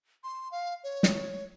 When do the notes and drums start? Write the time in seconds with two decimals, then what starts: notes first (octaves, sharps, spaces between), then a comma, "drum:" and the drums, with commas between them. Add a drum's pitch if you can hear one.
0.24 C6
0.52 F5
0.84 C#5
1.03 drum: snare